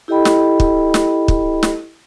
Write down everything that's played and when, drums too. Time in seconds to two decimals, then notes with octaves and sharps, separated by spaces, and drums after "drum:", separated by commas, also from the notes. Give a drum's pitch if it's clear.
0.08 E4 G4 A4 D#5 G5 B5
0.25 drum: snare
0.60 drum: kick
0.94 drum: snare
1.28 drum: kick
1.63 drum: snare